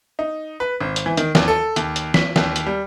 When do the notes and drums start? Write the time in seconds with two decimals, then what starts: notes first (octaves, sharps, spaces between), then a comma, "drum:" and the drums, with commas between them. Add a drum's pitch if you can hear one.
0.19 D#4
0.60 B4
0.81 G#1
0.96 drum: hi-hat
1.06 E3
1.17 D#3, drum: hi-hat
1.35 D#2, drum: snare
1.48 A4
1.76 D#2, drum: hi-hat
1.96 drum: hi-hat
2.14 B6, drum: snare
2.36 D#2, drum: snare
2.56 drum: hi-hat
2.67 G3